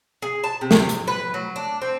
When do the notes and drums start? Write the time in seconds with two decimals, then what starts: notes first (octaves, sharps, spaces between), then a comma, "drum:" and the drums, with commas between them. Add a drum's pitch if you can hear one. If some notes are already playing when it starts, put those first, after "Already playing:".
0.22 G#4
0.44 A5
0.61 C3
0.71 drum: snare
0.89 drum: hi-hat
1.08 B4
1.34 F#3
1.56 D4
1.82 C4